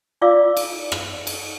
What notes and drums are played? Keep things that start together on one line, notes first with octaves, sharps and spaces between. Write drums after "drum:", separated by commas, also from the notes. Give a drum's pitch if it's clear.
E4 F4 D5 F5 D6 E6
drum: cymbal
drum: rim click
drum: cymbal